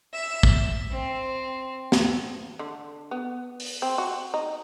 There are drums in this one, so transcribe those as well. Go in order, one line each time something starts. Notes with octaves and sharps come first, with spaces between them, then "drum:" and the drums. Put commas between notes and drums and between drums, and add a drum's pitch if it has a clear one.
E5
drum: kick
C4
drum: snare
D3
B3
drum: open hi-hat
C4
F#4
D#4